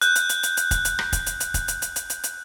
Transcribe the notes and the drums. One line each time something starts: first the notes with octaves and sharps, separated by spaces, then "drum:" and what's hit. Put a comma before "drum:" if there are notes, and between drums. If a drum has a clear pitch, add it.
F#6 G6, drum: hi-hat
drum: hi-hat
drum: hi-hat
drum: hi-hat
drum: hi-hat
drum: kick, hi-hat
drum: hi-hat
drum: rim click
drum: kick, hi-hat
drum: hi-hat
drum: hi-hat
drum: kick, hi-hat
drum: hi-hat
drum: hi-hat
drum: hi-hat
drum: hi-hat
drum: hi-hat